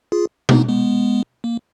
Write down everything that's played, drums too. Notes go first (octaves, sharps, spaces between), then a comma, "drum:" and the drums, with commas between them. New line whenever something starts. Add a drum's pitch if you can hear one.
F4 G#4
B3 D#4, drum: tom B2
G#3 B3
A#3